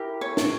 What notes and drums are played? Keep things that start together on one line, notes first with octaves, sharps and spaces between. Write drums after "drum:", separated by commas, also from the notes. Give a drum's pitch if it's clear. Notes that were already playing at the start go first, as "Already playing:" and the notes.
Already playing: E4 G4 A#4
C#5
drum: snare